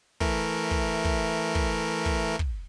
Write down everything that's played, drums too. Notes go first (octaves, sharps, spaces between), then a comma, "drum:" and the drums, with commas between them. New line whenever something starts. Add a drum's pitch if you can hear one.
E3 A3 A#4, drum: kick
drum: kick
drum: kick
drum: kick
drum: kick
drum: kick